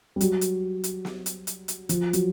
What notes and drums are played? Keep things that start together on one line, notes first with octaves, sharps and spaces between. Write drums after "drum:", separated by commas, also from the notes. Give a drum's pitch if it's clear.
G3
F#3, drum: hi-hat
drum: hi-hat
drum: hi-hat
drum: snare
drum: hi-hat
drum: hi-hat
drum: hi-hat
F3, drum: hi-hat
F#3, drum: hi-hat